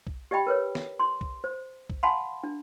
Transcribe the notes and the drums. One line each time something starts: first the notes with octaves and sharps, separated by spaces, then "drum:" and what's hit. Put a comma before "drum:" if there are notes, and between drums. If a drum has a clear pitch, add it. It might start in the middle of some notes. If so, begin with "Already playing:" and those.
drum: kick
G4 D5 D#5 G5 B5
A#4 B4 C#5
drum: snare
C6
drum: kick
C5
drum: kick
F5 F#5 G#5 A5 B5 C6
D4